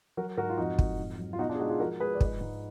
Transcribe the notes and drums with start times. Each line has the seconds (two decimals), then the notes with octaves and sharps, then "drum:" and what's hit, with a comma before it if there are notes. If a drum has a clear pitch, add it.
0.17 F#3 F#4 A#4
0.37 G#2 F#4 A#4
0.50 F4
0.58 F2 D#4 F#4
0.79 F2, drum: kick
0.99 G#2
1.19 F#3
1.33 F4
1.39 B2 D#4 F#4
1.49 D4 F4
1.55 G#4
1.59 G#3 D#4 F#4
1.70 F4 G#4
1.80 F3 F#4 A#4
2.00 G#3 G#4 B4
2.14 D5
2.21 G#2 B4 D#5, drum: kick
2.41 G#2